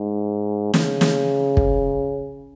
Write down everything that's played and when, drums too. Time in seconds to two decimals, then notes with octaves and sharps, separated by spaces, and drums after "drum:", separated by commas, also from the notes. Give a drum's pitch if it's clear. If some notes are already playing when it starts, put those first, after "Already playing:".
Already playing: G#2
0.74 C#3, drum: snare
1.01 drum: snare
1.57 drum: kick